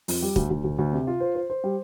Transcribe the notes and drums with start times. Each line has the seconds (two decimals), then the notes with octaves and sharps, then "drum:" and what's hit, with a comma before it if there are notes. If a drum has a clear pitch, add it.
0.08 F2, drum: open hi-hat
0.22 G3
0.36 D2, drum: kick
0.50 D2
0.64 D2
0.79 D2
0.93 C3
1.07 F4
1.20 C5
1.35 C5
1.50 C5
1.64 G3